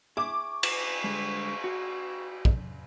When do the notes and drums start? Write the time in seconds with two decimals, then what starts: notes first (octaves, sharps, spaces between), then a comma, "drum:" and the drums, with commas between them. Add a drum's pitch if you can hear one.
0.17 G#4 E5 C#6 D6
0.63 drum: cymbal
1.04 D3 G3 G#3
1.64 F#4
2.45 drum: kick